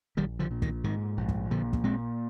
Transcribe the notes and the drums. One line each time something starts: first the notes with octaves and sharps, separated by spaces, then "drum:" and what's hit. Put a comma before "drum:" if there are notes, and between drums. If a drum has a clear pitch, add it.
A#1 D#3 G3
D3 F3
A#2
D#3, drum: kick
G#2 D#3
A#1
drum: kick
A#2 D3 F3
drum: kick
A#2 G#3 C4